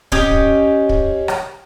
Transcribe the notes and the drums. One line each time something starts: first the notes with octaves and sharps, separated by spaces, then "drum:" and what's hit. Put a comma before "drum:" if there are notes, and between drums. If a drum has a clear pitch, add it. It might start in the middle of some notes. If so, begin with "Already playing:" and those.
C#4 G4 D#5, drum: kick
drum: kick
drum: kick
drum: rim click